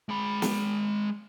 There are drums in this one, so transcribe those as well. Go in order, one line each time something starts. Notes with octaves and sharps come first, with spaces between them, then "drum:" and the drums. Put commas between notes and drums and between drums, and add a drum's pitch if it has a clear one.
G#3 B5
drum: snare